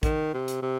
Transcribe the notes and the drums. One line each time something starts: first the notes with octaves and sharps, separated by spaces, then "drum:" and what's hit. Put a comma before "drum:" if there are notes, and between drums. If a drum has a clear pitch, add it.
D#3, drum: kick, hi-hat
C3
drum: hi-hat
C3